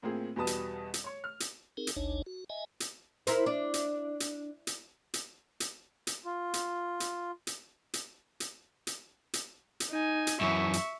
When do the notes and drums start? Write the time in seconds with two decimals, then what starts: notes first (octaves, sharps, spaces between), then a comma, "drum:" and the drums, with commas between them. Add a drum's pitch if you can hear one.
0.02 A2 A#3 C4 F4 G#4
0.36 E2 B2 G3 B4 A5 D#6
0.47 drum: hi-hat
0.94 drum: hi-hat
1.04 C#5 C#6
1.24 F6
1.40 drum: hi-hat
1.77 C4 D#4 G#4 A#4
1.87 drum: hi-hat
1.96 G#1 D2 D4 D#4 C#5
2.26 F#4
2.50 D#5 E5 G#5
2.80 drum: hi-hat
3.27 E4 A#4 C5, drum: hi-hat
3.46 D4
3.74 drum: hi-hat
4.20 drum: hi-hat
4.67 drum: hi-hat
5.14 drum: hi-hat
5.60 drum: hi-hat
6.07 drum: hi-hat
6.25 F4
6.54 drum: hi-hat
7.00 drum: hi-hat
7.47 drum: hi-hat
7.94 drum: hi-hat
8.40 drum: hi-hat
8.87 drum: hi-hat
9.34 drum: hi-hat
9.80 drum: hi-hat
9.90 D#4 G#5
10.27 drum: hi-hat
10.41 F#2 E3 E5 C#6
10.73 drum: hi-hat